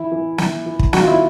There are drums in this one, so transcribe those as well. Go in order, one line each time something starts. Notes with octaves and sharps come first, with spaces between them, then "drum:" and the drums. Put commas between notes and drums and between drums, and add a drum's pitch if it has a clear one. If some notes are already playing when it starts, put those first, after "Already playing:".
Already playing: E3 E4
E3
E3, drum: snare
E3
drum: kick
D#3 F#4, drum: snare
F4
E4